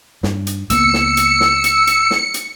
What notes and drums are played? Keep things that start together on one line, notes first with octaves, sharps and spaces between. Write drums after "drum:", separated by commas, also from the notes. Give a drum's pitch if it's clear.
G2, drum: snare
drum: hi-hat
C#2 A#3 B3 E6 C#7, drum: hi-hat
drum: snare
drum: hi-hat
drum: snare
drum: hi-hat
drum: hi-hat
drum: snare
drum: hi-hat